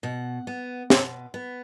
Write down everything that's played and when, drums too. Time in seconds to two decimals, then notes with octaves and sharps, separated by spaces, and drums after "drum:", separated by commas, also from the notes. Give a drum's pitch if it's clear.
0.03 B2 F#5
0.47 B3
0.90 B2, drum: snare
1.34 B3